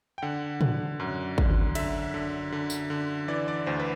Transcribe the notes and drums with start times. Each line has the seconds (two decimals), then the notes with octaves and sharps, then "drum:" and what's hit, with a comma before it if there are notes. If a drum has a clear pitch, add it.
0.18 G5
0.22 D3 F#5
0.61 D3, drum: tom
1.00 F#2
1.38 D3, drum: kick G#1
1.75 D3 E5, drum: cymbal
2.14 D3
2.52 D3
2.70 drum: tambourine
2.90 D3
3.28 E3 D5
3.48 D5
3.66 D2 C5
3.80 B4